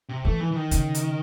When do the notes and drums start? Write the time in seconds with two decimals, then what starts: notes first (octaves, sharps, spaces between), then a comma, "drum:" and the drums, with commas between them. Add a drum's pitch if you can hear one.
0.09 C3
0.25 E3 A3
0.40 E3
0.51 E3
0.56 D#3
0.71 C#3, drum: hi-hat
0.95 drum: hi-hat